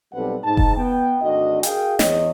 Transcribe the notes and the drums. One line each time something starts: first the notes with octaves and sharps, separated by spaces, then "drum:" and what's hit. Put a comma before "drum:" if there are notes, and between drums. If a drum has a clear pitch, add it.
B1 G3 C4 A4 B4 F#5
G#2 D#4 A5
drum: kick F1
B3 G5
G#1 D2 D4 F#4 D#5
F#4 G#4 A#4 F5 G5 G#5, drum: hi-hat
E2 C#5 D#5, drum: snare